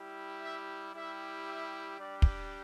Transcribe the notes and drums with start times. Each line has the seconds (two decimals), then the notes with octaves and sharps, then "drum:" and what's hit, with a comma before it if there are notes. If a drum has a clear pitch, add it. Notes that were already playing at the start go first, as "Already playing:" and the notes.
Already playing: G3 E4 G4
0.41 E5
0.94 G3 E4 G4 E5
1.46 E5
1.98 G3 D4 G4 D5
2.22 drum: kick